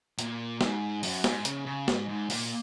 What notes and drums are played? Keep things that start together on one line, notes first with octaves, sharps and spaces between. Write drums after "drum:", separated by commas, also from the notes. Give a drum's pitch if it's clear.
A#2, drum: hi-hat
G#2, drum: snare
F#2, drum: open hi-hat
G#2, drum: snare
C#3, drum: hi-hat
C#3
G#2, drum: snare
G#2
A#2, drum: open hi-hat